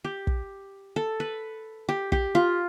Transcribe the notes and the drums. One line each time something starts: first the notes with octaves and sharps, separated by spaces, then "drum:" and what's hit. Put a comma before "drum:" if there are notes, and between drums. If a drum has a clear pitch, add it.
G4
drum: kick
A4
B4
G4
G4, drum: kick
F4